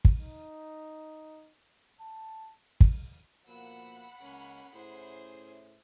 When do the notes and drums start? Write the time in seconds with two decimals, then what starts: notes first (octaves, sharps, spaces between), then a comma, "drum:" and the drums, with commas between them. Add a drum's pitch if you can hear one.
0.05 drum: kick
0.19 D#4
2.01 A5
2.81 drum: kick
3.48 B2 F3 A#3 F#5 B5 E6
4.21 C#2 A#3 C#4
4.74 A2 C#4 E4 G#4 C5